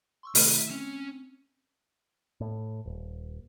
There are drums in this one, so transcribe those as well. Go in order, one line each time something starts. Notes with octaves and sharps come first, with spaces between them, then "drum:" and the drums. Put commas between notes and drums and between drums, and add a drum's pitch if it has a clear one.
C6 C#6 E6
C3 D#3 A3 E4, drum: open hi-hat
E5
C4 C#4
A2
D#1